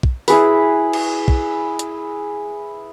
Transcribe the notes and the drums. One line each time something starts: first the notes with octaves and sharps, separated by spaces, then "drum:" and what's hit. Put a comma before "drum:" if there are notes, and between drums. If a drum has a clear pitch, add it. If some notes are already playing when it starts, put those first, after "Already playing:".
drum: kick
E4 G#4 B4, drum: open hi-hat
drum: cymbal
drum: kick
drum: hi-hat